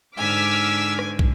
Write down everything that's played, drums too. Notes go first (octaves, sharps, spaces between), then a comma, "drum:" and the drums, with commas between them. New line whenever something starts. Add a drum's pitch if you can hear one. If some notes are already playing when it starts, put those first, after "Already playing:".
G#2 D3 G#5 D6 E6 F6 B6
drum: rim click
drum: kick